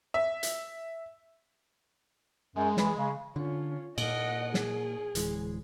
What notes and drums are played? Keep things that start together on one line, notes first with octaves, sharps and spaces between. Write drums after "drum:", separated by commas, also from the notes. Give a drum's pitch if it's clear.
E5
drum: hi-hat
F#2 G#3
E3, drum: snare
C#3
D3 C#4 F4
A#2 A#3 D#5 F#5, drum: cymbal
G#4, drum: snare
D1 E3 G#3, drum: hi-hat